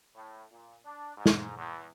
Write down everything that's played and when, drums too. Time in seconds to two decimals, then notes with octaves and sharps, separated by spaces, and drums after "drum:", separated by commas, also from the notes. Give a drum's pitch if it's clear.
0.14 A2
0.50 A#2
0.84 D4
1.16 G#2
1.26 drum: snare
1.57 E2